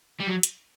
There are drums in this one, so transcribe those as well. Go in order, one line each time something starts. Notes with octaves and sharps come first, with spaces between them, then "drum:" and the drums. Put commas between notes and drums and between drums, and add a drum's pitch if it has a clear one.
G3
F#3
drum: hi-hat